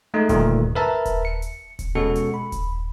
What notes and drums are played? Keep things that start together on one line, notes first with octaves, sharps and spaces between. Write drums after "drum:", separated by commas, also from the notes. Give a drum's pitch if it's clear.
G#3 A3 D#4
D2 G2 A#2 D#3 A3, drum: kick D#1, hi-hat
A#4 B4 E5 A5 A#5
drum: kick D#1, hi-hat
C#7
drum: hi-hat
drum: kick D#1, hi-hat
B2 G#3 C#4 F#4 A4 C#7
drum: hi-hat
B5
drum: kick D#1, hi-hat